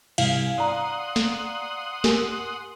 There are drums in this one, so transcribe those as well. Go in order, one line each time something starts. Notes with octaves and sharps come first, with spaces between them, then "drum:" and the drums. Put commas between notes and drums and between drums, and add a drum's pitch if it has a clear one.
C2 F5 G#5, drum: cymbal
D5 F#5 A#5 C6 D#6
drum: snare
G4 A#4 G#5, drum: snare